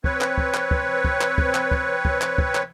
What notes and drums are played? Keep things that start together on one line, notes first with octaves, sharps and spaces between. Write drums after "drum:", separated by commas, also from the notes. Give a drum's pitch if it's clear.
C4 B4 C#5, drum: kick
drum: clap
drum: kick
drum: clap
drum: kick
drum: kick
drum: clap
drum: kick
drum: clap
drum: kick
drum: kick
drum: clap
drum: kick
drum: clap